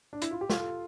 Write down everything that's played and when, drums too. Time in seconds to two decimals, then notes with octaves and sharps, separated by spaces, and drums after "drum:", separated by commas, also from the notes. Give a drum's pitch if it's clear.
0.13 D4
0.22 E4, drum: hi-hat
0.31 F4
0.41 G4
0.50 F4 A4, drum: snare